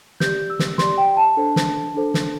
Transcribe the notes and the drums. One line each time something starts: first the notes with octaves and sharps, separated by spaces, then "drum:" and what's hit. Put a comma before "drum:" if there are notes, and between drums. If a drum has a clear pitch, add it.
G4 D5 G6, drum: snare
E6
drum: snare
G4 D5 C6, drum: snare
G5
A5
D4 A4 C5
drum: snare
D4 A4 C5
drum: snare